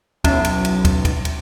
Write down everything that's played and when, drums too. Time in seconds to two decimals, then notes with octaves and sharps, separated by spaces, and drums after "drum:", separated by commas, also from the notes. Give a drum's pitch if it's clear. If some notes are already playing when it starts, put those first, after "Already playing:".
0.24 B1 C#4 E4, drum: kick, cymbal
0.45 drum: cymbal
0.65 drum: cymbal
0.85 drum: kick, cymbal
1.05 drum: kick, cymbal
1.25 drum: cymbal